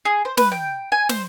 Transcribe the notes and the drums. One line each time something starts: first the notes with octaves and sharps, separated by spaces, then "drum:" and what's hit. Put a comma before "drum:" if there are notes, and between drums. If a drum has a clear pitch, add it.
G#4
C5
B4, drum: snare
G5
G#5
C5, drum: snare